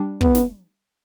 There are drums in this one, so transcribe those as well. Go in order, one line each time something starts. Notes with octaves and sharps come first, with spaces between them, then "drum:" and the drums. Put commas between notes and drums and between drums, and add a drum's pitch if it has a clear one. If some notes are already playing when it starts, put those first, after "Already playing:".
Already playing: G3 D4
B3, drum: kick
drum: snare